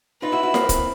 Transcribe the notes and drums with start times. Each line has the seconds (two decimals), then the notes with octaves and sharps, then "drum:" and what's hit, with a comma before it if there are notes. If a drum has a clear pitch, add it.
0.22 D#4 F4 B4
0.32 E4 F#4
0.43 E4 F#4
0.54 A#3 C4, drum: snare E4
0.69 drum: kick, hi-hat